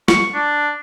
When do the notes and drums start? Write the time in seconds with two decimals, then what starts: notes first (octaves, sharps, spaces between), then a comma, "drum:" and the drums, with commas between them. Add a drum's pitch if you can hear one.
0.08 C#6, drum: snare
0.34 D4